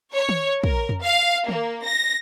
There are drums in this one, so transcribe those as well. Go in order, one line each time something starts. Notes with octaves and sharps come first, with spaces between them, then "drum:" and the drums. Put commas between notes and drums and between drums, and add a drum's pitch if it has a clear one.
C#5
drum: tom D#3
A#4, drum: kick
drum: tom F2
F5
A#3, drum: tom D#3
A#6